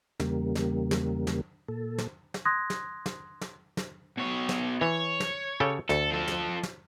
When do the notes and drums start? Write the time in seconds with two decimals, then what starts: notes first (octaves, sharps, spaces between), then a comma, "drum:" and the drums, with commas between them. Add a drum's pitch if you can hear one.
0.20 E2 C#3 G3 A#3, drum: snare
0.55 drum: snare
0.91 drum: snare
1.27 drum: snare
1.68 A#2 A4
1.98 drum: snare
2.34 drum: snare
2.45 C6 D#6 F#6 G#6 A#6
2.70 drum: snare
3.06 drum: snare
3.41 drum: snare
3.77 drum: snare
4.17 B2 C#5
4.49 drum: snare
4.81 E3 C#5
5.20 drum: snare
5.60 C#3 G4 A4
5.89 D2 A4, drum: snare
6.10 F3 A4
6.28 drum: snare
6.63 drum: snare